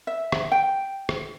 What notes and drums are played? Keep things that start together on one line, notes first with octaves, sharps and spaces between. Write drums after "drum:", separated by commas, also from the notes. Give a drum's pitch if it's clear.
E5
drum: rim click
G5
drum: rim click